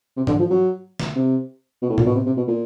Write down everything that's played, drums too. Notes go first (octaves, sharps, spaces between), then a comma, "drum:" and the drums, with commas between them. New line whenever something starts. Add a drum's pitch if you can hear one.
C3
D3, drum: tom G#2
F3
F#3
drum: snare
C3
B2
A2
A#2, drum: tom A2
B2
C3
C3
B2
A#2